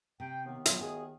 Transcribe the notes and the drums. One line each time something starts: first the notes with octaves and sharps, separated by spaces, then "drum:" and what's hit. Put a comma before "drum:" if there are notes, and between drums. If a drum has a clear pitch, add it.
C3 G5
D#2 D#3 B3
B2 F#3 F4 E5, drum: hi-hat
F#4 G#4 D#5